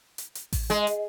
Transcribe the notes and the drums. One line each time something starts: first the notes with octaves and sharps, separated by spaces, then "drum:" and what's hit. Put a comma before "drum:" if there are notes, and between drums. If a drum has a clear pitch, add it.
drum: hi-hat
drum: hi-hat
drum: kick A1, open hi-hat
G#3, drum: hi-hat
drum: hi-hat